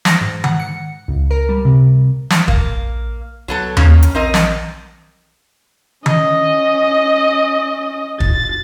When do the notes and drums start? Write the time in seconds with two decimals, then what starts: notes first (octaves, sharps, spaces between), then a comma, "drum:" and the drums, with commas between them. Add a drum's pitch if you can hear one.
0.05 A#6, drum: snare
0.21 G#2
0.44 F#5, drum: tom D#3
0.60 C#7
1.08 C#2
1.31 A#4
1.49 G3
1.65 C3
2.30 drum: snare
2.48 A#1 A#3, drum: kick
3.48 C2 F#3 B3 A4
3.77 A#3 C#4, drum: tom D#2
4.02 drum: hi-hat
4.15 A#1 C4 A#4 D#5
4.34 drum: snare
6.06 C#4 D#5, drum: tom D#3
8.20 A6, drum: kick